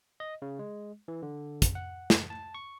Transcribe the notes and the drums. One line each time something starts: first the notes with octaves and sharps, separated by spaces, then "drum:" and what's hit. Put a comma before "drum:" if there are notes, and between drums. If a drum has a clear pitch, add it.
D#5
C#3
G#3
E3
D3
drum: kick, hi-hat
F#5
drum: snare
A5
C#6